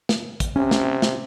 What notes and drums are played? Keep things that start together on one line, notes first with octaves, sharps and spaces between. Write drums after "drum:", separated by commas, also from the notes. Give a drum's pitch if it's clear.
drum: snare
drum: kick, hi-hat
C3 C#4
drum: snare
drum: snare